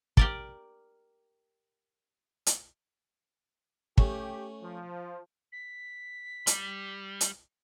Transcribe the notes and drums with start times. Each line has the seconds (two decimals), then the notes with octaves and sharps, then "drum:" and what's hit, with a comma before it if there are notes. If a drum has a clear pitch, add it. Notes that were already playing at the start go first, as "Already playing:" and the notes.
0.17 G4 A#4 D5, drum: kick
2.46 drum: hi-hat
3.98 A3 C#4 G4, drum: kick
4.62 F3
5.52 B6
6.47 G3, drum: hi-hat
7.21 drum: hi-hat